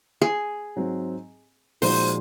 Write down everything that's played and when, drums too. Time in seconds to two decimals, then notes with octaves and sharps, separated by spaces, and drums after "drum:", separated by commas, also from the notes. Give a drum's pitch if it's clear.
0.22 G#4
0.76 G#2 F#3 C4
1.82 A#2 F3 G#3 D#4 F#4 C5, drum: open hi-hat